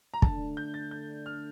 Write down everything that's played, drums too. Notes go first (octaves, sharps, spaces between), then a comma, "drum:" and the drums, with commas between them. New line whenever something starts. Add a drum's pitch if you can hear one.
A#5
D3 A3 D4 A5, drum: kick
G6
A6
G6
F6